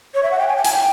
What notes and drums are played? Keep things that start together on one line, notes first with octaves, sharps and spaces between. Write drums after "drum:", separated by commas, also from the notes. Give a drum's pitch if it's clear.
C#5
E5
F#5
G5
G#5
G5
G#5, drum: hi-hat
G5